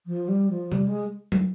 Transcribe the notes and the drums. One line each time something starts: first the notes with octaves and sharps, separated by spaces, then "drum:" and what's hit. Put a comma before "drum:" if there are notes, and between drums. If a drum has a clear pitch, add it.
F3
G3
F3
G3, drum: tom C3
G#3
drum: tom